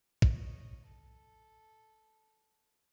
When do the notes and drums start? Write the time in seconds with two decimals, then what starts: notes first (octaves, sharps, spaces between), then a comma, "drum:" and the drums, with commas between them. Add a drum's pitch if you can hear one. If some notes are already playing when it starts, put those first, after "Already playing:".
0.22 C#5 D#5, drum: kick
0.86 A4